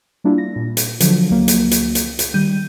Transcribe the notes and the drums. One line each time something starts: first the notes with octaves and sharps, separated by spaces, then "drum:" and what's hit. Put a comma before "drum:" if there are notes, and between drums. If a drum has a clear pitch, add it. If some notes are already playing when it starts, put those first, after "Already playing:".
G3 A#3 D4 E4 F4
A#6
A#2
drum: hi-hat
D3 F3 F#3, drum: hi-hat
C#2 F#3 A#3
drum: hi-hat
drum: hi-hat
drum: hi-hat
drum: hi-hat
D#3 G3 G6 D#7